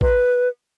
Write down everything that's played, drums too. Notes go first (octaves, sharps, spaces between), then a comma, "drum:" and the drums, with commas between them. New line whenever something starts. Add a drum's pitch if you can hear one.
B4, drum: kick